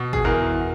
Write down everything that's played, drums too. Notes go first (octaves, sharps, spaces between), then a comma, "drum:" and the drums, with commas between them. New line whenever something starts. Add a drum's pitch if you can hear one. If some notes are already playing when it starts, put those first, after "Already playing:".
Already playing: B2
G#4, drum: kick
E2 A#4